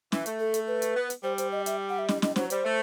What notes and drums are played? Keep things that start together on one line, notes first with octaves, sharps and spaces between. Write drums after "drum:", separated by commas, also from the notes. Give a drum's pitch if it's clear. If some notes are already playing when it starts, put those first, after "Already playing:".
E3, drum: snare
A3, drum: hi-hat
A4
drum: hi-hat
B4
drum: hi-hat
B3
drum: hi-hat
G3 C5
C5, drum: hi-hat
D#5
E5, drum: hi-hat
F#5
E5
D#5, drum: snare
D#5, drum: snare
F#3 C5, drum: snare
G3 C5, drum: hi-hat
A3